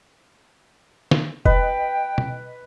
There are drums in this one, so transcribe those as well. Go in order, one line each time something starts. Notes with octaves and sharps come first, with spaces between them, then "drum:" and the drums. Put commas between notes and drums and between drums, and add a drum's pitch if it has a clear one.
drum: snare
B4 D#5 G5, drum: kick F1
drum: tom